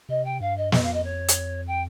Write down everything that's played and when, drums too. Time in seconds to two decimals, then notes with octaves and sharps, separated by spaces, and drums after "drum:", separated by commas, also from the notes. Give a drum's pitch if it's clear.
0.09 C3 D#5
0.24 G5
0.41 G2 F5
0.57 D#5
0.72 F2 D#5, drum: snare
0.83 F5
0.93 D#5
1.04 C#5
1.28 drum: hi-hat
1.67 G5